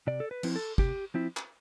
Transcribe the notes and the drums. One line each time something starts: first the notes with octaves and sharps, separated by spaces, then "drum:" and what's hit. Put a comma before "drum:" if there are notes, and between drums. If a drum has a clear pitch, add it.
C3 D5
A4
B4
F3 C4 E4, drum: cymbal
A4
C3 G4, drum: kick
F3 C4 E4
drum: clap